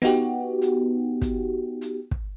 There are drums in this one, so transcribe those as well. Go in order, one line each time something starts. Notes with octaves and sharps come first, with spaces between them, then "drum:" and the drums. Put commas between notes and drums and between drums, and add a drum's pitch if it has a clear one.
B3 D#4 F#4 G4, drum: snare
drum: hi-hat
drum: kick, hi-hat
drum: hi-hat
drum: kick